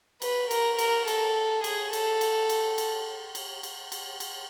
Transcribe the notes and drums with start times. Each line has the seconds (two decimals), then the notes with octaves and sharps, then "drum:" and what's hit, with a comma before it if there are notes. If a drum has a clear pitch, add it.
0.22 B4, drum: cymbal
0.51 A#4, drum: cymbal
0.79 A#4, drum: cymbal
1.08 A4, drum: cymbal
1.64 G#4, drum: cymbal
1.93 A4, drum: cymbal
2.21 drum: cymbal
2.49 drum: cymbal
2.78 drum: cymbal
3.35 drum: cymbal
3.63 drum: cymbal
3.92 drum: cymbal
4.20 drum: cymbal